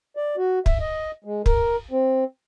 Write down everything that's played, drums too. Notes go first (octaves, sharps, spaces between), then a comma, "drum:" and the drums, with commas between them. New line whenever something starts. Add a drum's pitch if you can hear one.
D5
F#4
E5, drum: kick
D#5
G#3
A#4, drum: kick
C4